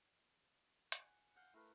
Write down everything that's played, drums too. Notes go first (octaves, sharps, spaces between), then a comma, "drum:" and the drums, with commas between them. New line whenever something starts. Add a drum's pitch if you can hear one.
F#5 G#5, drum: hi-hat
F5 F#5 G6
A3 E4 A#4 B4